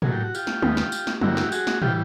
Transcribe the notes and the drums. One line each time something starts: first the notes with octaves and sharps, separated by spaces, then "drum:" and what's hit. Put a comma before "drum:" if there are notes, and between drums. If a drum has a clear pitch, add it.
A#2 F#3 A3 G#4, drum: tom
G4
F#4
F4 G4, drum: tambourine
drum: snare
D#2 D#3 G#3 B3, drum: tom
drum: snare
drum: tambourine
drum: snare
G2 D3 G3 A#3 E4 F#4, drum: tom
drum: snare
G4
F#4 G#4, drum: tambourine
drum: snare
E3 G3 F4 G4, drum: tom